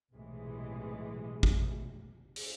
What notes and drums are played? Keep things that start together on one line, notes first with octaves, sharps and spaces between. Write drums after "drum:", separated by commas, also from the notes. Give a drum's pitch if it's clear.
B1 A2 C3 E3 G#3
drum: kick
drum: open hi-hat